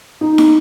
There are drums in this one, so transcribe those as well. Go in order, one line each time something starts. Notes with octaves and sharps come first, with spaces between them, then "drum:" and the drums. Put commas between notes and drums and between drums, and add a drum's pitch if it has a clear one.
D#4
drum: snare